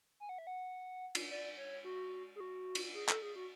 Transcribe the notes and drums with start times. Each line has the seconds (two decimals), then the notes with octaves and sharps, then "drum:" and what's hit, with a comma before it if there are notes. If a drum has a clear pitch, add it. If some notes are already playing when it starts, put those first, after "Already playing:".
0.20 G#5
0.29 F#5
0.38 E5
0.47 F#5
1.15 drum: cymbal
1.30 D5
1.57 C#5
1.84 F#4
2.36 G#4
2.40 F#4
2.75 drum: cymbal
2.94 G#4
3.09 A4, drum: clap
3.22 G#4
3.36 F#4